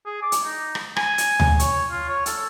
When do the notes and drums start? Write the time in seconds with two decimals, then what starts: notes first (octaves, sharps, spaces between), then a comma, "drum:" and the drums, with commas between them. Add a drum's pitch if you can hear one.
0.06 G#4
0.22 D6
0.32 drum: hi-hat
0.45 D#4
0.75 drum: rim click
0.97 G#5, drum: rim click
1.18 drum: hi-hat
1.40 drum: tom D2
1.59 C#5, drum: hi-hat
1.91 F4
2.08 C#5
2.26 A4, drum: hi-hat